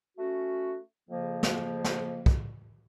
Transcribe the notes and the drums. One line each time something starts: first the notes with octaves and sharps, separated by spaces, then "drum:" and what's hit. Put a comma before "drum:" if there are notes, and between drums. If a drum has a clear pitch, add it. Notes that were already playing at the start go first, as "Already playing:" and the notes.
A3 C#4 F#4
F2 C#3 F3 A#3
drum: snare
drum: snare
drum: kick